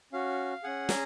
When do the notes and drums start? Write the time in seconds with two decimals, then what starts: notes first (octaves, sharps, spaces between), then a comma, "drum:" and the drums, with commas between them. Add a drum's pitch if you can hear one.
0.12 C#4 F#4 F5
0.63 C#4 G#4 F#5
0.89 A#5, drum: snare